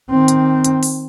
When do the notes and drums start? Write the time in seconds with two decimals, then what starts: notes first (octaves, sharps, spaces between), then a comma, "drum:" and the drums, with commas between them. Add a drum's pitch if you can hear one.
0.10 D#3 C4
0.28 drum: hi-hat
0.65 drum: hi-hat
0.83 drum: open hi-hat